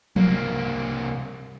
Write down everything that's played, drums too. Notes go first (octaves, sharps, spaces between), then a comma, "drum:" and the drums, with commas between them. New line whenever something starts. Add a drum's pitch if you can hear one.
C2 A#3, drum: tom F3